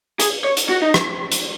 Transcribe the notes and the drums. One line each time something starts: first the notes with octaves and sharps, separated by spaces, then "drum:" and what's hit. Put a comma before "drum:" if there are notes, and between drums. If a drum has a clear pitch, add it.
G#4, drum: hi-hat
C#5
drum: hi-hat
F#4
D#4
drum: rim click
drum: hi-hat